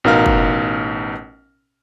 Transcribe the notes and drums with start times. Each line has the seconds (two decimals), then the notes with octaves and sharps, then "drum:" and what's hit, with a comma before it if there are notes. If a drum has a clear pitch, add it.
0.04 A1 B2 D#4 A#4 F5 F6
0.26 drum: kick